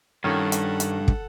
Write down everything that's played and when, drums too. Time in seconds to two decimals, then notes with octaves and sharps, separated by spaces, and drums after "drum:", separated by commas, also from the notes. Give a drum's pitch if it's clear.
0.24 G2 D#3 C#4 F4 A4 F#5
0.52 drum: hi-hat
0.80 drum: hi-hat
1.08 drum: kick